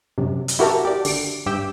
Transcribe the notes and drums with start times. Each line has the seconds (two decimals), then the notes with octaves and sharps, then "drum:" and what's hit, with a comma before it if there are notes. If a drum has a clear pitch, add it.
0.18 F#2 C3
0.48 drum: hi-hat
0.59 E4 F#4 G4 A#4 E5 A5
0.85 G4 D5
1.05 D3 D7, drum: open hi-hat
1.46 G2 G4 E5 G5